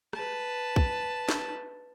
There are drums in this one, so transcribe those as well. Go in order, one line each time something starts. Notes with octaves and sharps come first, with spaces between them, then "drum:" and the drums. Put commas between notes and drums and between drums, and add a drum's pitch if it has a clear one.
B4 A5, drum: rim click
drum: kick
drum: snare